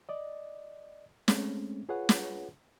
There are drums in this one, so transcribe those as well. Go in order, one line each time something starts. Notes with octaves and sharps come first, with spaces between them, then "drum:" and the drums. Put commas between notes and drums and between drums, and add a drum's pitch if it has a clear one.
D5 D#5
G#3 A3 C4 C#4, drum: snare
F4 G#4 B4 C#5 F#5
drum: snare